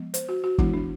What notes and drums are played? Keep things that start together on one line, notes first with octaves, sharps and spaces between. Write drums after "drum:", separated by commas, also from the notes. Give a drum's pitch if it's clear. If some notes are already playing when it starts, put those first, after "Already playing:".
Already playing: F3 G#3 B3
C5, drum: hi-hat
F#4
F#4
E3 G#3 B3 D4 E4, drum: kick G1
D4